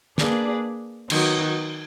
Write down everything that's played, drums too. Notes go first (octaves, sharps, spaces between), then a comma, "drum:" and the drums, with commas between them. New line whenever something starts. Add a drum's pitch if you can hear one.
A#3 D4 G#4 B4 D5, drum: snare
D#3 F#3 B3 D#4, drum: cymbal